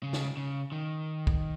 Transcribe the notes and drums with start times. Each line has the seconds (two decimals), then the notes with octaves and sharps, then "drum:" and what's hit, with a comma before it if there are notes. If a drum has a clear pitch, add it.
0.03 C#3
0.13 drum: snare
0.37 C#3
0.72 D#3
1.27 drum: kick